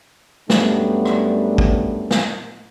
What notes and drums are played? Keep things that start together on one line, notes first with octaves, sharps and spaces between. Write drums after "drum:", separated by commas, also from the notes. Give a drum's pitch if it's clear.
F#2 G3 A3 B3 D4, drum: snare
drum: rim click
drum: kick
drum: snare